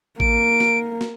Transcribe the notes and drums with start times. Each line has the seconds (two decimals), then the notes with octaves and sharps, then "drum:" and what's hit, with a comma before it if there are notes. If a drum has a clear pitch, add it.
0.20 A#3 D7, drum: kick A1
0.60 drum: snare
1.01 drum: snare